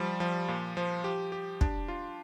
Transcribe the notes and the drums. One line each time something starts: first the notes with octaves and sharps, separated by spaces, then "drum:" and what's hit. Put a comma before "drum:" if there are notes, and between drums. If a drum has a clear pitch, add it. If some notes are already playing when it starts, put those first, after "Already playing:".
Already playing: F3 G3
F3
A#2
F3
G4
G4
D4, drum: kick
F4